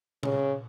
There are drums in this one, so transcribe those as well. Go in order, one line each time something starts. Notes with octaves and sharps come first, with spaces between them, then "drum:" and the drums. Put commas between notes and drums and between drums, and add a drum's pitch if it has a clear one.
C#3, drum: tom A#2